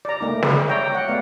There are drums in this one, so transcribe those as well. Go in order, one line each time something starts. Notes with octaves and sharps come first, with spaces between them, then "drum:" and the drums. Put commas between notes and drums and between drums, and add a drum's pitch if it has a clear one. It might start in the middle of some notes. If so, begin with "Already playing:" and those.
D5 A#5
A3 A#3 D#4
G#3, drum: snare
C#5 D5 E5 G5 A#5
F#5
A3 B3 D5 F5 F#5